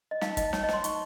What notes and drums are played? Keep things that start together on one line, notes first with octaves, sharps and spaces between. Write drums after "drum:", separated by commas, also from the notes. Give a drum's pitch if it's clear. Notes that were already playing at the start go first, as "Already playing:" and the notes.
D#5
D#4 F5, drum: snare
D#4 D#5, drum: kick, hi-hat
D#4 C#5, drum: snare
D#5
C5 C6, drum: snare
D#4 C#6, drum: hi-hat